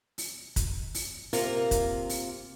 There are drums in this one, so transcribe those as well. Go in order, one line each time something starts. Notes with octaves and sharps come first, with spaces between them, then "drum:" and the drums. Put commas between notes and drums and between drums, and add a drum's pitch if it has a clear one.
drum: open hi-hat
drum: kick, hi-hat
drum: open hi-hat
C3 A#3 F4 A#4, drum: open hi-hat
drum: kick, hi-hat
drum: open hi-hat